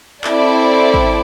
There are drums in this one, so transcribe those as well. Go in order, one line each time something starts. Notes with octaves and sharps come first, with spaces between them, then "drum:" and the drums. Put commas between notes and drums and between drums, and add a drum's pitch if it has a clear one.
C4 E4 A4 D5, drum: clap
drum: kick